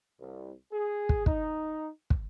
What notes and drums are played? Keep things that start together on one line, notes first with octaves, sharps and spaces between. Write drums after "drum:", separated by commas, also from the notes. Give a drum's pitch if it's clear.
C2
G#4
drum: kick
D#4, drum: kick
drum: kick